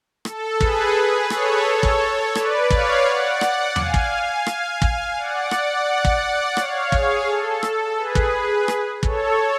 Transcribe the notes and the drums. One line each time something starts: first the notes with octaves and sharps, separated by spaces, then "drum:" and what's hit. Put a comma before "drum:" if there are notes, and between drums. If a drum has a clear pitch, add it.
A4, drum: rim click
G#4 B4, drum: kick
G#4 B4
A4 C#5, drum: rim click
A4 C#5
drum: kick
B4 D5, drum: rim click
C#5 F5, drum: kick
D5 F#5
D5 F#5, drum: rim click
F5 G#5, drum: tom E2
drum: kick
F5 G#5
drum: rim click
drum: kick
D5 F#5
D5 F#5, drum: rim click
D5 F#5
drum: kick
D5 F#5
C#5 F5, drum: rim click
G#4, drum: kick
A4
drum: rim click
G#4 B4
drum: kick
drum: rim click
A4 C#5, drum: kick